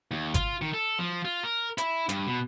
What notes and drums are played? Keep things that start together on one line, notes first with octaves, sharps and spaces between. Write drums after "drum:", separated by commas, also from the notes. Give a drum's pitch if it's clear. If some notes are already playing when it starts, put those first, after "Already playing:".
D#2
F4, drum: kick G#1, hi-hat
D#3
A4
F3
F4
A#4
E4, drum: hi-hat
G2, drum: hi-hat
B2